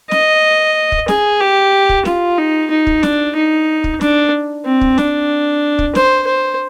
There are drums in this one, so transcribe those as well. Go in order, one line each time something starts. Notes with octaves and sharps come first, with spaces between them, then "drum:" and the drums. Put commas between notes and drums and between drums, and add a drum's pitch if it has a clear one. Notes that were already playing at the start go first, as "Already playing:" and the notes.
D#5, drum: snare
drum: kick
G#4, drum: snare
G4
drum: kick
F4, drum: snare
D#4
D#4
drum: kick
D4, drum: snare
D#4
drum: kick
D4, drum: snare
C4
drum: kick
D4, drum: snare
drum: kick
C5, drum: snare
C5